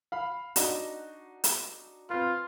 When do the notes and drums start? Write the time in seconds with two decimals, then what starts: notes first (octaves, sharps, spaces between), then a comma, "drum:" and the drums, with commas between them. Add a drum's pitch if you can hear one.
0.12 F5 B5
0.56 D4 D#4 F#4, drum: hi-hat
1.44 drum: hi-hat
2.10 C4 F4 B4